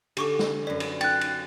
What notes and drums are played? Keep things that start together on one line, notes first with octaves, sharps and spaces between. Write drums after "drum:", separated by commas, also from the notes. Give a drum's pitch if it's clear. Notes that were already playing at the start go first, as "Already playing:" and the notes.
D3 G4 C#6 D6, drum: cymbal
drum: snare
F#2 B4 D5
drum: cymbal
G5 F#6 A6, drum: cymbal
drum: cymbal